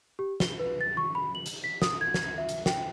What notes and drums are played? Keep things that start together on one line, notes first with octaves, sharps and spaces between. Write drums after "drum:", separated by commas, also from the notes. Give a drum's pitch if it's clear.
G4
G7, drum: snare
B4
A6
C#6
B5
F#7
drum: hi-hat
B6
D#6, drum: snare
G#6
drum: snare
E5
drum: hi-hat
G5, drum: snare